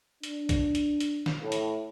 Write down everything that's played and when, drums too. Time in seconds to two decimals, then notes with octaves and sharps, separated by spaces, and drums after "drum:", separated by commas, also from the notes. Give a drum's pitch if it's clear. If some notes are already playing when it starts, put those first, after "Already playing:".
0.24 D4, drum: hi-hat
0.49 drum: kick, hi-hat
0.75 drum: hi-hat
1.00 drum: hi-hat
1.26 drum: snare
1.41 A2
1.52 drum: hi-hat